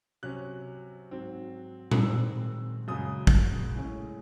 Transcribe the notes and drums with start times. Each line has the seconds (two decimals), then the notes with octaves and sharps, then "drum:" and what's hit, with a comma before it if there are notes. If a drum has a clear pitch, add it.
0.23 C3 F#3 C#4 F#6
1.11 G#2 F#3 C4
1.92 F#6, drum: tom A#2
2.00 F#2 D#3 G#3 C4 E6
2.88 F#2 C#3 G#3 D#6
3.27 drum: kick
3.76 A2 G#3 C#4